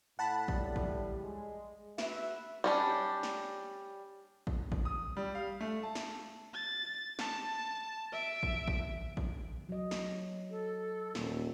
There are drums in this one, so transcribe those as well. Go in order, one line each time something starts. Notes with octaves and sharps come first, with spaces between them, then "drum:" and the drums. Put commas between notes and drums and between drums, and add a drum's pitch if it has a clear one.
A2 F#5 A5 B5
A2 G3, drum: kick A1
drum: kick A1
G#3
F#4 B4 E5, drum: snare
G3 C#4 D4
drum: snare
drum: kick A1
drum: kick A1
D#6
G3
F5
A3
A5
drum: snare
A6
A5, drum: snare
E5 D7
drum: kick A1
drum: kick A1
drum: kick A1
F#3 D#5
drum: snare
A4
D#1, drum: snare